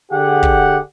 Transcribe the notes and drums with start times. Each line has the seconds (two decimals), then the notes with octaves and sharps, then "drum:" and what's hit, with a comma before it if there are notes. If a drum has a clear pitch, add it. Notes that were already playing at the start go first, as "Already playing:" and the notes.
0.11 D3 G4 G#4 F#5
0.43 drum: kick